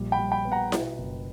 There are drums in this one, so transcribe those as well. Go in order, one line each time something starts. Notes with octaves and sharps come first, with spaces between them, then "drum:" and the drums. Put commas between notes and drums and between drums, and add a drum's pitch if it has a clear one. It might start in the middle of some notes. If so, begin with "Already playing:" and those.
Already playing: A#1 A#2 G3
G5 B5
G3
G5 B5
B3
F#5 A#5
B2, drum: snare E4
F#1